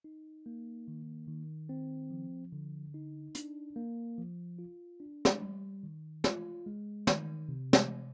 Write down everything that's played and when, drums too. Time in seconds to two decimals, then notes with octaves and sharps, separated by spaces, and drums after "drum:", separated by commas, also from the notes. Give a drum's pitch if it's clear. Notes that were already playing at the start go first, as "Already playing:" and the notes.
0.04 D#4
0.46 A#3
0.88 D#3
1.28 D#3
1.69 C4
2.11 F3
2.52 D3
2.94 D#4
3.35 D4, drum: hi-hat
3.76 A#3
4.18 F3
4.59 F4
5.00 D4
5.25 drum: snare
5.42 G3
5.83 D#3
6.24 F4, drum: snare
6.66 G#3
7.07 D#3, drum: snare
7.49 C3
7.73 drum: snare
7.89 C3